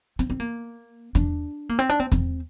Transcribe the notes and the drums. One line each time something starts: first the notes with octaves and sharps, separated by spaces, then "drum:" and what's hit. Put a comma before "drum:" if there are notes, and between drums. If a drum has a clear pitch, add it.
C4, drum: hi-hat
C4
A#3
D4, drum: kick E2, hi-hat
A#3
C4
D4
C4
C4, drum: kick E2, hi-hat